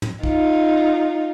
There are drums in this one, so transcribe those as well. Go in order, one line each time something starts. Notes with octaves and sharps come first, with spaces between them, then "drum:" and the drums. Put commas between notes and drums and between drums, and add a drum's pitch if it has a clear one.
drum: tom
D#4 F4, drum: kick